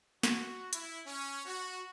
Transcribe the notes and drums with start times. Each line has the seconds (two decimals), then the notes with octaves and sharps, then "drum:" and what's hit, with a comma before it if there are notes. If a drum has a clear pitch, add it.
0.23 F#4, drum: snare
0.73 E4, drum: hi-hat
1.05 C#4
1.46 F#4